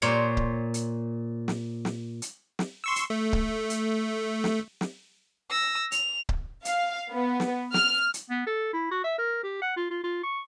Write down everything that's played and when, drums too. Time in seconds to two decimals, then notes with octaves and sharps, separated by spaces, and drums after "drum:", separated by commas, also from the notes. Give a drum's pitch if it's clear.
0.02 A#2 C5 C#5
0.37 drum: kick C#1
0.74 drum: hi-hat
1.48 drum: snare
1.85 drum: snare
2.22 drum: hi-hat
2.59 drum: snare
2.84 C6 C#6 E6
2.96 drum: hi-hat
3.10 A3
3.33 drum: kick C#1
3.70 drum: hi-hat
4.44 drum: snare
4.81 drum: snare
5.50 E6 A#6
5.92 F7, drum: hi-hat
6.29 drum: kick C#1
6.65 F5, drum: hi-hat
7.11 B3
7.40 drum: snare
7.74 F6, drum: snare
8.14 drum: hi-hat
8.30 B3
8.46 A4
8.73 E4
8.91 F#4
9.04 E5
9.18 A#4
9.44 G4
9.62 F#5
9.76 F4
9.90 F4
10.03 F4
10.23 C#6